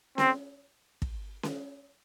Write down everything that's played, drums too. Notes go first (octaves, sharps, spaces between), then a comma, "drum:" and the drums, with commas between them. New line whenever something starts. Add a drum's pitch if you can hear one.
C4, drum: snare C#4
drum: kick
drum: snare C#4